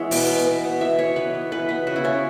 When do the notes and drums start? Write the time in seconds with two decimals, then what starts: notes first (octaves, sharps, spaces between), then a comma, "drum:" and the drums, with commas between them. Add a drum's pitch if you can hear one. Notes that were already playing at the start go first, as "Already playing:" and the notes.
Already playing: E3 G#3 B3 C#5 E5
0.11 B2, drum: open hi-hat
0.29 B3
0.47 B2
0.65 B3
0.81 E3 E5
0.98 B3 C#5
1.16 E3 B4
1.34 B3
1.52 E3 B4
1.69 B3 B4
1.87 C#3 F#4
1.96 E4
2.04 B3 C#4